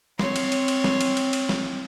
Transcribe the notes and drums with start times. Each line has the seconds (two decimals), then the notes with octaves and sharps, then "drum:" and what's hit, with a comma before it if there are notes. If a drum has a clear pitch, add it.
0.19 C4 C#5 C6, drum: snare
0.36 drum: cymbal
0.52 drum: cymbal
0.68 drum: cymbal
0.84 drum: snare
1.01 drum: cymbal
1.17 drum: cymbal
1.33 drum: cymbal
1.49 drum: snare